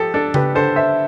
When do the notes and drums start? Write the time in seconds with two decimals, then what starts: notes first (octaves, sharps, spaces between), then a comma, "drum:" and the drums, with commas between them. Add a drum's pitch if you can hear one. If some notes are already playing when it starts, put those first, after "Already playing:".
Already playing: F3 G4 A4
0.14 D4 A4
0.34 G4 B4, drum: tom C#3
0.55 D3 A4 C5
0.76 C5 E5